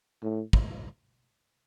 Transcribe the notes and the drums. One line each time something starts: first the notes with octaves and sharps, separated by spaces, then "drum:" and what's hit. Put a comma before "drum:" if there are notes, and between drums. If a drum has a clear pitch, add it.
A2
drum: kick